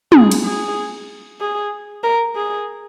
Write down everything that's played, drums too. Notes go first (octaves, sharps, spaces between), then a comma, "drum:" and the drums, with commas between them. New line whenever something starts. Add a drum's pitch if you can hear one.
G#4, drum: tom
drum: cymbal
G#4
G#4
A#4
G#4